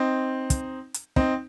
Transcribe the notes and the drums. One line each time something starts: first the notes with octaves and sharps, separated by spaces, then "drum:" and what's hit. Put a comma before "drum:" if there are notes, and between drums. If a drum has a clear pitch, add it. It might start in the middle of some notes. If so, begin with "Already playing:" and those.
Already playing: C4 D#4
drum: kick, hi-hat
drum: hi-hat
C4 D#4, drum: kick